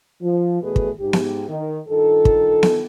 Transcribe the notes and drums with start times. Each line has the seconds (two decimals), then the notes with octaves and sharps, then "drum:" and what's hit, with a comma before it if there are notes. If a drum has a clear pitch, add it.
0.21 F3
0.62 E2 B2 A3 G#4 A4 B4
0.76 drum: kick
0.99 G#2 G4
1.13 drum: snare B3
1.47 D#3
1.88 G2 D#3 F4 A4
2.25 drum: kick
2.63 drum: snare B3